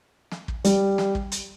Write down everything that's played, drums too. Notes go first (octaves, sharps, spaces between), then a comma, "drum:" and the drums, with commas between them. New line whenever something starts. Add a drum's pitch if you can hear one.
drum: snare
drum: kick
G3, drum: hi-hat
drum: snare
drum: kick
drum: hi-hat